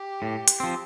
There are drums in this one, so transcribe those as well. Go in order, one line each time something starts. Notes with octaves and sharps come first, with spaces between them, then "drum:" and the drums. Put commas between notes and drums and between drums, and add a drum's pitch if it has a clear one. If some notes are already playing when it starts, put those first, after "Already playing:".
Already playing: G4
A2
drum: hi-hat
F3 C4